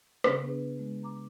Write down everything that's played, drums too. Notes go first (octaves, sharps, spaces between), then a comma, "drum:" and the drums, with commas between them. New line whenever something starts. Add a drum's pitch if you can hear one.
C#3, drum: rim click
B3 D4 G#4 B4
G#3
A#5 D6